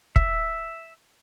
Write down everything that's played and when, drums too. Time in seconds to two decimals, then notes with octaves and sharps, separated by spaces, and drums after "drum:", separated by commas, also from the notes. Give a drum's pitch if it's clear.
0.16 E5, drum: kick